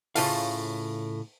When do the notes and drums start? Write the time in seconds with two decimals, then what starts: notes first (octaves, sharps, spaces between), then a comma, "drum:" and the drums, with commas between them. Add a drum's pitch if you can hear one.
0.15 A2 C#3 A3 F4 A4 F5, drum: open hi-hat